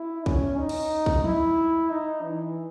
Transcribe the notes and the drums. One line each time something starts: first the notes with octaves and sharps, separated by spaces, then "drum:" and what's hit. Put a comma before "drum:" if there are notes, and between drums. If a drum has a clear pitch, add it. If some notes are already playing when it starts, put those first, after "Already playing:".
Already playing: E4
C#4, drum: kick
D#4
drum: cymbal
drum: kick
E4, drum: tom
D#4
E3